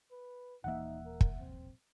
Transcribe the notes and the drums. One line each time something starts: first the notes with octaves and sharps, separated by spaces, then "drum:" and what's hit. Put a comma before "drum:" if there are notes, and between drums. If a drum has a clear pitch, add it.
B4
D#1 E3 A#3 D#4 E5 F#5
A#4
drum: kick
C4